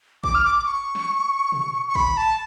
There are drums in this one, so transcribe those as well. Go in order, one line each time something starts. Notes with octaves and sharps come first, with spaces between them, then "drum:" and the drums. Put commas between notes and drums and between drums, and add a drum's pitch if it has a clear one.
D6, drum: kick
F6
D6
D6
C#6
drum: snare
drum: tom
C#6
B5, drum: kick
A5